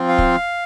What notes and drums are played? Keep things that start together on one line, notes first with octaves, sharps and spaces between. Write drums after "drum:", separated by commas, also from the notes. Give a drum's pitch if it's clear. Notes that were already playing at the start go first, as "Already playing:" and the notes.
Already playing: F3 C4 F4
F5
drum: kick